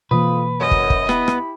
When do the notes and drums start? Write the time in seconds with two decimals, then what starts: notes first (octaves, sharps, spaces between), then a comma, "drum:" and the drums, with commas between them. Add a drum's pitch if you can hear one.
0.11 F2 B2 E3 A#3 F4 B4 D#6
0.60 F#2 D#5
0.71 drum: kick
0.90 drum: kick
1.09 B3 E4 G4 B5, drum: rim click
1.28 drum: rim click